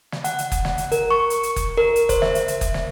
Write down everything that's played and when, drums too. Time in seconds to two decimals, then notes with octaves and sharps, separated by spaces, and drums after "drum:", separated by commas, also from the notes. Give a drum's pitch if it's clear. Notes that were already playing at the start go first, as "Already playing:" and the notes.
0.12 drum: snare
0.24 F#5, drum: hi-hat
0.38 drum: hi-hat
0.52 drum: kick F#1, hi-hat
0.65 drum: snare
0.78 drum: hi-hat
0.92 A#4, drum: hi-hat
1.11 C#6
1.30 drum: hi-hat
1.43 drum: hi-hat
1.56 drum: kick F#1, hi-hat
1.78 A#4
1.96 drum: hi-hat
2.09 C5, drum: kick F#1, hi-hat
2.22 E5, drum: snare
2.35 drum: hi-hat
2.48 drum: hi-hat
2.61 drum: kick F#1, hi-hat
2.74 drum: snare